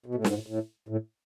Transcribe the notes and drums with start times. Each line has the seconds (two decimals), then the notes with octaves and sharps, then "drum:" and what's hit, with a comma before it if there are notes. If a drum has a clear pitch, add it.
0.06 B2
0.15 A2
0.24 G#2, drum: snare
0.34 A2
0.47 A2
0.88 A2